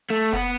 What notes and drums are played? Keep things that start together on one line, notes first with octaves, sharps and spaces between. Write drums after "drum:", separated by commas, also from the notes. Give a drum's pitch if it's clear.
A3
B3, drum: kick F1